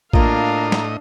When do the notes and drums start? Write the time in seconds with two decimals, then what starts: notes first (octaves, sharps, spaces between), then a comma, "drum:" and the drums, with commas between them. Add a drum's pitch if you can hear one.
0.13 A2 A#3 D4 F4 D#5 F5 A#5, drum: kick
0.72 drum: snare